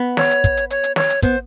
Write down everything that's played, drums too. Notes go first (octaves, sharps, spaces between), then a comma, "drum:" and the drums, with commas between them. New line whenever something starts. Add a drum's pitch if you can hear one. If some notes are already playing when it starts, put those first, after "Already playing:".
Already playing: B3
C#5, drum: snare
drum: hi-hat
drum: kick, hi-hat
drum: hi-hat
C#5, drum: hi-hat
drum: hi-hat
C#5, drum: snare
drum: hi-hat
B3 C5, drum: kick, hi-hat